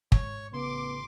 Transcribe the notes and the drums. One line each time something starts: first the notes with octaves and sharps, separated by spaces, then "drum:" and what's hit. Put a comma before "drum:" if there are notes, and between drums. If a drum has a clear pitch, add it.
G#2 C#5 C#6, drum: kick
A1 C#3 B3 C6 D6